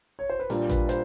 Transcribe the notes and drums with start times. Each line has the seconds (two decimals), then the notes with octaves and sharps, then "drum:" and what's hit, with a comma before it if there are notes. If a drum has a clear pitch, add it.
0.19 C#5
0.30 C5
0.40 B4
0.50 A#2 G3 A#3 D4 A#4, drum: open hi-hat
0.69 B4, drum: kick A1, hi-hat
0.89 C5, drum: hi-hat